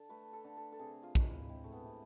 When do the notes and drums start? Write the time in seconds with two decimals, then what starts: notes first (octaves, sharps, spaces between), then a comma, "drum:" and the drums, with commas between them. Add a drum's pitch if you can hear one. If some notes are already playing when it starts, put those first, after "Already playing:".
Already playing: D3 A4
0.09 A3 B4
0.33 A4
0.45 D3
0.57 A4
0.72 A4
0.79 C3 G#4
1.03 F4
1.15 G#3, drum: kick
1.26 E4
1.49 G#3 C4
1.64 A3
1.73 B3
1.85 C3